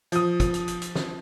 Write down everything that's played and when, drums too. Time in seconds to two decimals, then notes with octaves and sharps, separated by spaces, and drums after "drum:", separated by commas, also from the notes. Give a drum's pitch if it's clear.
0.12 F3 D#6, drum: hi-hat
0.40 drum: kick, hi-hat
0.54 drum: hi-hat
0.68 drum: hi-hat
0.82 drum: hi-hat
0.96 drum: snare